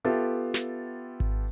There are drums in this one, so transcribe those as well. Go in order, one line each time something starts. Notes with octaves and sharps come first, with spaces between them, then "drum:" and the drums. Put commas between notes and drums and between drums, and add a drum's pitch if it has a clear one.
B3 F4 G4 A4 E5
drum: snare
drum: kick G#1